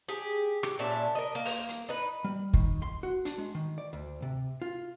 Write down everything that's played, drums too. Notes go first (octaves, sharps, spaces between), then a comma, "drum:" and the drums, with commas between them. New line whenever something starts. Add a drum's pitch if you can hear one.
G4 G#4
G4, drum: rim click
A#2 C#4 D4 E5
A#4 D#5
A#3
drum: open hi-hat
drum: hi-hat
D#4 B4
G3
D#3, drum: kick
C6
F#4
D4, drum: hi-hat
G#3
D#3
D5
D2
C3
F4